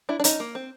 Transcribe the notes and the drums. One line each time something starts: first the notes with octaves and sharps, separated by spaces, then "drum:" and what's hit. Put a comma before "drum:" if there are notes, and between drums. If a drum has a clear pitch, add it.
D4 E4
D4
C#4 D#4, drum: hi-hat
A#3
C4